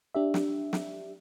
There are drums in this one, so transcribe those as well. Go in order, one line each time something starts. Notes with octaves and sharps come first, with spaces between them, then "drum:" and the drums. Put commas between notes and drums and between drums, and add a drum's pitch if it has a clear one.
D4 G4 E5
drum: snare
drum: snare